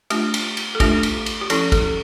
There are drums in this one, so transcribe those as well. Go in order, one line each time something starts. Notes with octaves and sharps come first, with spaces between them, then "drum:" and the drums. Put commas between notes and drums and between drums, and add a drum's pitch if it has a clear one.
A3 D4 F4 G4, drum: cymbal
drum: cymbal
drum: cymbal
A4
A3 D4 F4 G4, drum: kick, cymbal
drum: cymbal
drum: cymbal
G4
F3 C#4 E4 A4, drum: cymbal
A4, drum: kick, cymbal